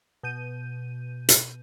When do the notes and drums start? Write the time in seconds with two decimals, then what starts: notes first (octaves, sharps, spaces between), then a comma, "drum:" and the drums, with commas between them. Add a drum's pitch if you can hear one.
0.23 B2 G6 D#7
1.29 drum: hi-hat